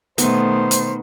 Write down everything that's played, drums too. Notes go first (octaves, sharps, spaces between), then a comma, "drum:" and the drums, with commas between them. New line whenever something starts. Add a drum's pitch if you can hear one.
B2 D#3 A3 B3 C5, drum: hi-hat
drum: hi-hat